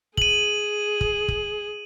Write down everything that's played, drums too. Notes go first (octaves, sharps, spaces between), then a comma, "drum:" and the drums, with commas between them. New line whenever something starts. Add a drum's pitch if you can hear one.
G#4 D#7 F#7, drum: kick
drum: kick
drum: kick